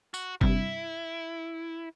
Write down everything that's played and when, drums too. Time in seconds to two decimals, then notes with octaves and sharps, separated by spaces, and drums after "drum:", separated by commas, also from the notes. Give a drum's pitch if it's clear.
0.14 F#4, drum: tambourine
0.41 G2 C3 E4, drum: kick F#1